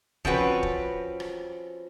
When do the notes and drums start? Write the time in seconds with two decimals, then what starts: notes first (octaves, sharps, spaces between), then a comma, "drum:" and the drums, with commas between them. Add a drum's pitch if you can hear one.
0.25 F3 C4 C#4 F#4 B4, drum: kick
0.63 drum: kick
1.20 drum: rim click